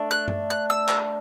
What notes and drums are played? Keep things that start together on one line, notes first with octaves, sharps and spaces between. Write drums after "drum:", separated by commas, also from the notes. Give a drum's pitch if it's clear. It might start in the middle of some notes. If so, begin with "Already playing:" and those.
Already playing: A3 D4
F#6
drum: tom G2
F#6
E6
drum: clap